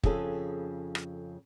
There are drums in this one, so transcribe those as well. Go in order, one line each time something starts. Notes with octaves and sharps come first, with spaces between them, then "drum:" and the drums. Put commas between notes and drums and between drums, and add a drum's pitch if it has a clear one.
F2 C#3 G#4 A4, drum: kick
drum: rim click